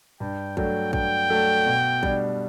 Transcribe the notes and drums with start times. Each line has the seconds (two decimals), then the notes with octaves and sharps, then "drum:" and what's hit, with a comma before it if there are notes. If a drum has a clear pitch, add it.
0.20 G2 G5
0.57 F#3 A3 D4 A4 G5, drum: kick A1
0.93 G2 G5, drum: kick A1
1.30 F#3 A3 D4 A4
1.66 B2
2.03 G3 D4, drum: kick A1